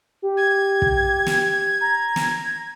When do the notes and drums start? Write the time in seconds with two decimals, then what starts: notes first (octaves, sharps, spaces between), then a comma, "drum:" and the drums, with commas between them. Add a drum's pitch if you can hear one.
0.22 G4
0.37 G#6
0.82 drum: kick
1.26 drum: snare
1.81 A#5
2.16 drum: snare